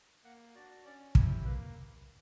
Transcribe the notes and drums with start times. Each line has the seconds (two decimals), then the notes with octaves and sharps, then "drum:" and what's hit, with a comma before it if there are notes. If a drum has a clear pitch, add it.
0.25 A#3 F#5
0.54 D4 F#4 D5
0.85 C#4 D5
1.15 E4 G4 C#5, drum: kick
1.45 A#3 B4